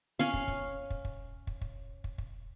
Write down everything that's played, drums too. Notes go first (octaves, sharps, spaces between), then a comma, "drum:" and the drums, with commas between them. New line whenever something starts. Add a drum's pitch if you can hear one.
C#4 F5
drum: kick
drum: kick
drum: kick
drum: kick
drum: kick
drum: kick
drum: kick
drum: kick